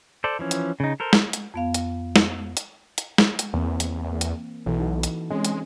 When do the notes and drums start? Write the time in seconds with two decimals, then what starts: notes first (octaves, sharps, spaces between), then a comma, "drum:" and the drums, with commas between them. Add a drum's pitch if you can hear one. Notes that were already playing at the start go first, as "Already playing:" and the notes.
0.24 A4 C5 D5
0.39 E3 F3 C#4
0.51 drum: hi-hat
0.80 C#3 D#4
1.00 A4 A#4 C5
1.13 drum: snare
1.33 drum: hi-hat
1.54 F2 B3 F5
1.74 drum: hi-hat
2.16 drum: snare
2.57 drum: hi-hat
2.98 drum: hi-hat
3.18 drum: snare
3.39 drum: hi-hat
3.54 E2 E3 A#3 C4
3.80 drum: hi-hat
4.12 A#3
4.21 drum: hi-hat
4.66 B1 E3 E4 A4
4.79 D#4 F#4 B4
5.03 drum: hi-hat
5.30 G#3 C4 C#4
5.45 drum: hi-hat